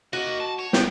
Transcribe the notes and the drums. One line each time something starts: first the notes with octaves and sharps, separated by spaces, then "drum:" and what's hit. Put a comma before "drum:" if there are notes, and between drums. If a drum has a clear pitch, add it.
A#3 F#4 D#5
A5
C#5
G2 B3 G5 G6, drum: snare